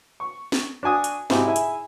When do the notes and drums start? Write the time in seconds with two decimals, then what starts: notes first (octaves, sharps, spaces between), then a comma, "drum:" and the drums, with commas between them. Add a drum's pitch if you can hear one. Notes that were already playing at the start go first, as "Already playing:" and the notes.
0.20 C#6
0.52 drum: snare
0.83 D4 F#4 G#5 D#6
1.04 drum: hi-hat
1.30 G#2 C3 D#4 E4 F#4 G4, drum: snare
1.45 E4 G#4 E5 G#5
1.56 drum: hi-hat